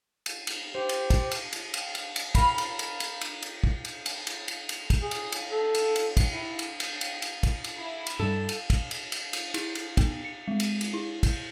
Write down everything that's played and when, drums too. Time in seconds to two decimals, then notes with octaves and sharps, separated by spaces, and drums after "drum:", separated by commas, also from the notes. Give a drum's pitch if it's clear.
0.26 drum: cymbal
0.47 drum: cymbal
0.75 G4 C5
0.89 drum: cymbal
1.10 drum: kick, cymbal
1.31 drum: cymbal
1.53 drum: cymbal
1.74 drum: cymbal
1.95 drum: cymbal
2.16 drum: cymbal
2.35 A#4 F5 B5, drum: kick, cymbal
2.58 drum: cymbal
2.79 drum: cymbal
3.00 drum: cymbal
3.21 drum: cymbal
3.42 drum: cymbal
3.64 drum: kick
3.85 drum: cymbal
4.06 drum: cymbal
4.27 drum: cymbal
4.48 drum: cymbal
4.69 drum: cymbal
4.90 drum: kick, cymbal
5.00 G#4
5.11 drum: cymbal
5.32 drum: cymbal
5.50 A4
5.74 drum: cymbal
5.96 drum: cymbal
6.17 drum: kick, cymbal
6.30 E4
6.59 drum: cymbal
6.80 drum: cymbal
7.01 drum: cymbal
7.22 drum: cymbal
7.43 drum: kick, cymbal
7.64 drum: cymbal
7.78 E4
8.07 drum: cymbal
8.19 G2 G3 A4
8.49 drum: cymbal
8.70 drum: kick, cymbal
8.91 drum: cymbal
9.12 drum: cymbal
9.33 drum: cymbal
9.54 E4, drum: cymbal
9.75 drum: cymbal
9.97 B3, drum: kick, cymbal
10.25 C#7
10.48 G#3
10.60 drum: cymbal
10.81 drum: cymbal
10.94 E4
11.23 drum: kick, cymbal